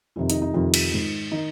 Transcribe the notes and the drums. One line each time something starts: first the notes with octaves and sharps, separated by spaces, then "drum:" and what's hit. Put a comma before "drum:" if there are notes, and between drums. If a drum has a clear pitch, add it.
F2 C3 D#3 F4
D#4, drum: hi-hat
D#4
F2 C3 D#3 F4
drum: cymbal
G#2 D#3
D#3 D#4